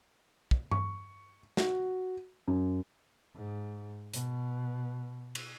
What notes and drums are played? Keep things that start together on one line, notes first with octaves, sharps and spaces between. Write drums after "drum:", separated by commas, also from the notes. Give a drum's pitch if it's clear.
drum: kick
C#6, drum: tom G2
F#4, drum: snare
F#2
G#2
B2, drum: hi-hat
drum: cymbal